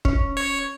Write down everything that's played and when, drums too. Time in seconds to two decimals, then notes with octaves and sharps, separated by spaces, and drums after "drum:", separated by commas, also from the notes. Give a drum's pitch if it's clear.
0.05 C#4, drum: kick
0.37 C#5